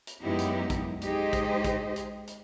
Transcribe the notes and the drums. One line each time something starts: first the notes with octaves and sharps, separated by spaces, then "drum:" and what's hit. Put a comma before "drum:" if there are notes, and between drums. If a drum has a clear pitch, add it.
drum: hi-hat
F#2 G#3 B3 D#4 E4 G4
drum: hi-hat
drum: kick, hi-hat
G#3 D#4 G4 G#4 C5 D#5, drum: hi-hat
drum: kick, hi-hat
drum: kick, hi-hat
drum: hi-hat
drum: hi-hat